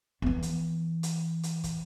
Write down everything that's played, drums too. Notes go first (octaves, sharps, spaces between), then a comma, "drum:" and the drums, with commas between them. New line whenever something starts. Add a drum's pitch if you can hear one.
E3 B3
drum: hi-hat
drum: hi-hat
drum: hi-hat
drum: kick, hi-hat